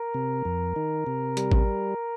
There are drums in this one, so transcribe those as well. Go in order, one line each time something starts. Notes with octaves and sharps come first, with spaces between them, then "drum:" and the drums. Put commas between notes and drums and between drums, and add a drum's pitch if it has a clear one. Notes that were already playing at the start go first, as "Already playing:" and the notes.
Already playing: A#4
C3
F2
D#3
C3
G3, drum: hi-hat
drum: kick